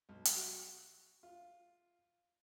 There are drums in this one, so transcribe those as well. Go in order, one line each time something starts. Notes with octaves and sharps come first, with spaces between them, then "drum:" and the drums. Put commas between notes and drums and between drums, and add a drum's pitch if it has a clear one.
B1
drum: hi-hat
F#4
F4